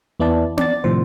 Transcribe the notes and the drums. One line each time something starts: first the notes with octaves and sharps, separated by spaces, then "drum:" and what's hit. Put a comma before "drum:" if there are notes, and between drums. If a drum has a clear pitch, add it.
E2 B3 E4 D5 A5
D5 A6, drum: tom B3
A2 C3 D#3 F3 C5